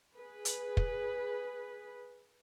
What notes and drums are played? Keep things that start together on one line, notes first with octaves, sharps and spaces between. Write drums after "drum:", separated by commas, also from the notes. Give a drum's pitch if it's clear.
G#4 B4
drum: hi-hat
drum: kick